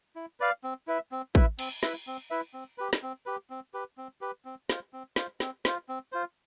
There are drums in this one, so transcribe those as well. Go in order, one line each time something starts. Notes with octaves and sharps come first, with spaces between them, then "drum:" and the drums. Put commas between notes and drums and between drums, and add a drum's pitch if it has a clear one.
E4
B4 D5 F5
C4
E4 B4 E5
C4
E4 B4 E5, drum: kick
C4, drum: cymbal
E4 B4 E5, drum: snare
C4
E4 B4 E5
C4
G4 B4
drum: snare
C4
G4 B4
C4
G4 B4
C4
G4 B4
C4
F4 C5, drum: snare
C4
F4 C5, drum: snare
C4, drum: snare
F4 C5, drum: snare
C4
F4 C5